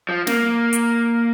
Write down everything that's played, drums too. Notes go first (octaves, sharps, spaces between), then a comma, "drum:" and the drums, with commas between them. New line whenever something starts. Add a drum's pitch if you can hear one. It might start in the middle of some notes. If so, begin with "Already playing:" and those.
F3
A#3, drum: snare
drum: hi-hat